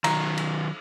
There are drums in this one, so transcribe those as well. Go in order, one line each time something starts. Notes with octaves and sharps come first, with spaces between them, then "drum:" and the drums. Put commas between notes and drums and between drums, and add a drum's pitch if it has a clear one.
D#3 F#3 A#5, drum: cymbal
drum: cymbal